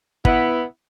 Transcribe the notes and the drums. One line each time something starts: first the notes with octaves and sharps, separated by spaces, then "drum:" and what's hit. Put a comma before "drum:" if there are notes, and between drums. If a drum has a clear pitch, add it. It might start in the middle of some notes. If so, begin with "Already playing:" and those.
B3 E4, drum: kick